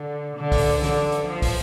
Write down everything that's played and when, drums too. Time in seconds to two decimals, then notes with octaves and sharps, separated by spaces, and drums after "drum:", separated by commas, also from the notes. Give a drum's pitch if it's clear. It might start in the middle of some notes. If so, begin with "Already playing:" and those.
Already playing: D3
0.37 D3
0.52 drum: kick, open hi-hat
0.82 D3, drum: snare
1.12 drum: hi-hat
1.27 F3
1.42 drum: kick, open hi-hat